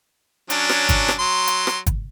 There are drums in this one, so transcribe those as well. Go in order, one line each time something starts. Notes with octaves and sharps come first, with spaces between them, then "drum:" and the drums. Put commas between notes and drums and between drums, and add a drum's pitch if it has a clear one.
F#3 C#4 D4, drum: hi-hat
drum: rim click
drum: kick, hi-hat
drum: rim click
F#3 C6
drum: hi-hat
drum: rim click
drum: kick, hi-hat